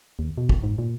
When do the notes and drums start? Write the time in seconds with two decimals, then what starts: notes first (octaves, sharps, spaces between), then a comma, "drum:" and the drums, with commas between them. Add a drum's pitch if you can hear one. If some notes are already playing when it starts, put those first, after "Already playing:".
0.19 D#2
0.38 B2
0.49 drum: kick
0.63 G#2
0.78 A#2